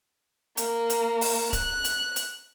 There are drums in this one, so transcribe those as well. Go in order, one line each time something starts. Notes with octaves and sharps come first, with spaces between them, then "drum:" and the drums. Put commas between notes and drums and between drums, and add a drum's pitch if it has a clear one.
A#3, drum: hi-hat
drum: hi-hat
drum: open hi-hat
F#6, drum: kick C#1, hi-hat
drum: hi-hat
drum: hi-hat